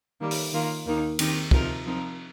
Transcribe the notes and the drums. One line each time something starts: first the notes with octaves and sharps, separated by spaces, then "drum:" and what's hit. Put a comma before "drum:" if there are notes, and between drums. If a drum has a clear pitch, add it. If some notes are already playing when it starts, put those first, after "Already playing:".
D#3 G3 A#3 G4
drum: open hi-hat
D#3 A#3 F4
D#2 D#3 A#3 D#4
D#3 C4 D#4 G4 A#4, drum: cymbal
C3 F3 D#4 A#4, drum: kick
F3 C4 D#4 A#4